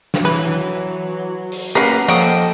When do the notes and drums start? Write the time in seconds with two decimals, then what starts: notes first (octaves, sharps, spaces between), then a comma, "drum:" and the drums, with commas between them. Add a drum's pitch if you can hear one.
0.14 drum: snare
0.25 E3 F#3 B4
1.52 drum: open hi-hat
1.75 A#3 C#4 G4 A#4 B4 F5 F#5 A#5
2.08 F3 A#3 A4 C#5 D#5 F#5 G5 D#6